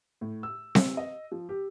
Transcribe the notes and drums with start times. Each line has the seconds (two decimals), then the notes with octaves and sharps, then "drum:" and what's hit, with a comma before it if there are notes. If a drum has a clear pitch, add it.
0.21 A2
0.43 E6
0.75 drum: snare C4
0.97 D#5
1.32 F3
1.49 G4